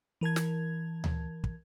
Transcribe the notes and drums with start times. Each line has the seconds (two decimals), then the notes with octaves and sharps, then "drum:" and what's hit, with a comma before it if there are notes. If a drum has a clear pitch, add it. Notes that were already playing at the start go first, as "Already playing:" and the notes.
0.21 E3 A#4 A5 G#6
0.36 drum: snare
1.04 drum: tom D2
1.44 drum: kick